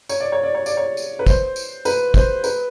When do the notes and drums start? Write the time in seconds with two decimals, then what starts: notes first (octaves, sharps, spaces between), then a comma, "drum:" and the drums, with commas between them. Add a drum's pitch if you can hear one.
0.09 C#5, drum: tambourine
0.20 D5
0.32 C#5
0.43 D5
0.55 C#5
0.66 D5, drum: tambourine
0.77 C#5
0.97 drum: tambourine
1.19 B4
1.26 C5, drum: kick, tambourine
1.56 drum: tambourine
1.85 B4, drum: tambourine
2.14 C5, drum: kick, tambourine
2.44 B4, drum: tambourine